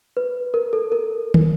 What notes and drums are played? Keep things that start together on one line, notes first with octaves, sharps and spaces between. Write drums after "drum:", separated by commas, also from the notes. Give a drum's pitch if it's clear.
B4
A#4
A4
A#4
drum: tom